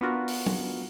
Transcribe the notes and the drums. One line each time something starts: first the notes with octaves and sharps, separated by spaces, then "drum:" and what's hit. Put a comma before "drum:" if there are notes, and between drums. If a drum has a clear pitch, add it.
B3 D4 F4 F#4 A#4
drum: open hi-hat
drum: tom